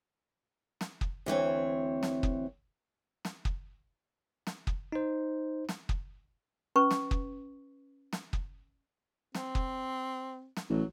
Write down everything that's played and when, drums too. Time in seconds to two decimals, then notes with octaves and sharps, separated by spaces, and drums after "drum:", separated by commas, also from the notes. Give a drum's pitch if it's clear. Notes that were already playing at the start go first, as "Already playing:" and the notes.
0.81 drum: snare
1.01 drum: kick
1.26 D2 E3 C4 C#5
2.03 drum: snare
2.23 drum: kick
3.25 drum: snare
3.45 drum: kick
4.47 drum: snare
4.67 drum: kick
4.92 D#4 C5
5.69 drum: snare
5.89 drum: kick
6.76 C#4 B4 C#6
6.91 drum: snare
7.11 drum: kick
8.13 drum: snare
8.33 drum: kick
9.35 C4, drum: snare
9.55 drum: kick
10.57 drum: snare
10.70 A1 F#3